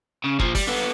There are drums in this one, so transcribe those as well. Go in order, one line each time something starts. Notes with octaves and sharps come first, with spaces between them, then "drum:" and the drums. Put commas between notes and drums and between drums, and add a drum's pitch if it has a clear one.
C#3
A#2 F3, drum: kick
G3, drum: kick, open hi-hat
D3 B3